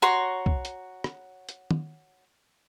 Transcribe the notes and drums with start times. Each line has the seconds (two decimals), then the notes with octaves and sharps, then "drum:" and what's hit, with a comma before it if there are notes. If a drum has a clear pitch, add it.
0.02 F#4 C#5 A#5 C6
0.46 drum: kick
0.65 drum: hi-hat
1.04 drum: rim click
1.49 drum: hi-hat
1.71 drum: tom